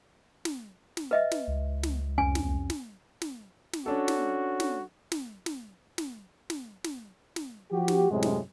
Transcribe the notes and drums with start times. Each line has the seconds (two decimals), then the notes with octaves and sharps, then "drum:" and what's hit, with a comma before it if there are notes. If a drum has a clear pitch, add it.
0.45 drum: snare
0.97 drum: snare
1.11 B4 D#5 E5
1.32 drum: snare
1.47 C#2
1.83 drum: snare
2.18 C2 F2 C#4 G#5
2.35 drum: snare
2.70 drum: snare
3.22 drum: snare
3.73 drum: snare
3.86 C#4 D4 F#4 A4
4.08 drum: snare
4.60 drum: snare
5.12 drum: snare
5.46 drum: snare
5.98 drum: snare
6.50 drum: snare
6.84 drum: snare
7.36 drum: snare
7.71 F3 F#4 G4
7.88 drum: snare
8.10 F#2 A2 C3 G#3
8.23 drum: snare